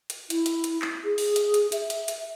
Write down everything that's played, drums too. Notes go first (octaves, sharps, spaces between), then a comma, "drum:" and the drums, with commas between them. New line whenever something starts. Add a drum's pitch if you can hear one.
drum: hi-hat
E4, drum: hi-hat
drum: hi-hat
drum: hi-hat
drum: clap
G#4
drum: open hi-hat
drum: hi-hat
drum: hi-hat
E5, drum: hi-hat
drum: hi-hat
drum: hi-hat